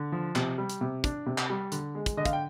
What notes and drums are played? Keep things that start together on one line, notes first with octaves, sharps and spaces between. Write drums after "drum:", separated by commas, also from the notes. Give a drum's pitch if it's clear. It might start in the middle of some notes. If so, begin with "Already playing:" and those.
Already playing: D3
F3
C3, drum: clap
G3
drum: hi-hat
C3
D4, drum: kick, hi-hat
C3
drum: clap
G3
D3, drum: hi-hat
G#3
drum: kick, hi-hat
D3 D#5
F5, drum: kick, hi-hat
G5